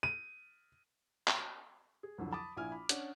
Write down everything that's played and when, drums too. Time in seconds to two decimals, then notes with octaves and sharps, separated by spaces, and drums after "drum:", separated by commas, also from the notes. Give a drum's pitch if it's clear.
0.03 D#7
1.28 drum: clap
2.03 G#4
2.18 C2 F2 D3 F#3
2.32 A5 B5 D6 D#6
2.57 A#1 E4 G#5 F6
2.72 B5
2.89 C#4 D4 D5 F#5, drum: hi-hat